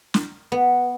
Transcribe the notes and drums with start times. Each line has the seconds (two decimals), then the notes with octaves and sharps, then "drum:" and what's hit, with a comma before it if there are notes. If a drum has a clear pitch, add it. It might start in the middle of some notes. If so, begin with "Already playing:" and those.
0.14 drum: snare
0.52 B3